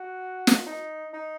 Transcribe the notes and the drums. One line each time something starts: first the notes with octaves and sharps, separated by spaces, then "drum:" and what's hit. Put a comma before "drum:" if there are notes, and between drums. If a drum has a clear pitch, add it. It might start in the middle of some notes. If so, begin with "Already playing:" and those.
Already playing: F#4
drum: snare
D#4
D#4